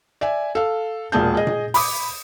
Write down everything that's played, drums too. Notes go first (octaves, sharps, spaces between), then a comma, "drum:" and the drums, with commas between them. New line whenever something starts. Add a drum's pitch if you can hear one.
D5 E5 G#5
A4 F5
E1 A#2 G#4 A5 G6
G#4 D#5
drum: tom A#2
B5 D6 D#6, drum: open hi-hat